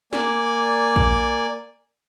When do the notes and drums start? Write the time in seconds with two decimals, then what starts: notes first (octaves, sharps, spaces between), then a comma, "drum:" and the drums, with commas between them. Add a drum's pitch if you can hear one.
0.13 A#3 D5 G#5, drum: snare
0.96 drum: kick A#1